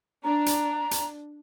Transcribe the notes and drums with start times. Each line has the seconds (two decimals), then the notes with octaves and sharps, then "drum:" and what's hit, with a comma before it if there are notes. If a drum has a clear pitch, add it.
0.24 D4 A#5
0.46 drum: hi-hat
0.91 drum: hi-hat